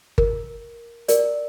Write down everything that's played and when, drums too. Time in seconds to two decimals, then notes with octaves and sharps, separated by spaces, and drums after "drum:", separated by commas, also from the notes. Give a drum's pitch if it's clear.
0.18 A#4, drum: kick G1
1.08 A#4 D5, drum: hi-hat